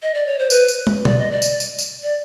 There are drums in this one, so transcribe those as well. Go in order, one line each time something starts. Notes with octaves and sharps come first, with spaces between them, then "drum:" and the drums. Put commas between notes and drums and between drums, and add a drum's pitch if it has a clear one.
D#5
D5
C#5
C5
B4, drum: tambourine
drum: tambourine
drum: tom
D5, drum: tom B2
D#5
D5
drum: tambourine
drum: tambourine
drum: tambourine
D5